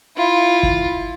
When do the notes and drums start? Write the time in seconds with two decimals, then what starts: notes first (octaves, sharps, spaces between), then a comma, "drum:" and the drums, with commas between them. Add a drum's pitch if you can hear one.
0.17 E4 F4
0.63 drum: kick